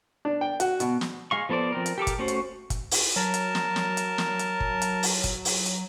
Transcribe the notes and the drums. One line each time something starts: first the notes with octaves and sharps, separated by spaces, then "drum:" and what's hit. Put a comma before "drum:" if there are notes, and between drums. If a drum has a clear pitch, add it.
D4
G5
F#4, drum: hi-hat
B2, drum: hi-hat
drum: snare
G#3 F5 C#6
F3 B3 A4 C5 D5
F3 C4 A#4
drum: hi-hat
G4 A4 A#4 D6
drum: kick, hi-hat
A3 C#4 F#4 C5
drum: hi-hat
drum: kick, hi-hat
drum: open hi-hat
F#3 A#4 A5
drum: hi-hat
drum: snare
drum: snare
drum: hi-hat
drum: snare
drum: hi-hat
drum: kick
drum: hi-hat
drum: open hi-hat
drum: kick, hi-hat
drum: open hi-hat
drum: hi-hat